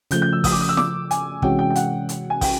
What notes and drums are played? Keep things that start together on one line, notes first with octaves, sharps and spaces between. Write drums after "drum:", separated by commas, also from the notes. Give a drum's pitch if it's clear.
C#3 F3 A3 G6, drum: hi-hat
G6
E6
D#6, drum: kick, open hi-hat
D6
D#6
E6
D6, drum: snare
G#5, drum: hi-hat
C3 E3 G#3 C#4 F#4 G5, drum: kick
G5
G5
F#5, drum: hi-hat
drum: hi-hat
G#5
G5, drum: kick, open hi-hat